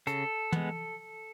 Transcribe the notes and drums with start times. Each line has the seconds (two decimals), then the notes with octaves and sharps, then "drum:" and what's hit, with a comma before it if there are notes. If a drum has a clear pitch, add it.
0.07 C#3 A4, drum: hi-hat
0.52 G#3 B3, drum: tom